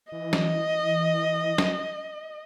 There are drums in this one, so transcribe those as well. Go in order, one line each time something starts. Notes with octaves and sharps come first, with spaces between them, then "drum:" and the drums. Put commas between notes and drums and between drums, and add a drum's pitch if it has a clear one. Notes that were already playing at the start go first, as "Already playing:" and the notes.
E3 D#5
drum: snare
drum: snare